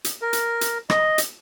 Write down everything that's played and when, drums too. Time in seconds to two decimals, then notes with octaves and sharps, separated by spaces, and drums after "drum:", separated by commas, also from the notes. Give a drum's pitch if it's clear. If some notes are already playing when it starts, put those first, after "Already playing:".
0.04 drum: hi-hat
0.22 A#4
0.33 drum: hi-hat
0.61 drum: hi-hat
0.90 D#5, drum: rim click
1.18 drum: hi-hat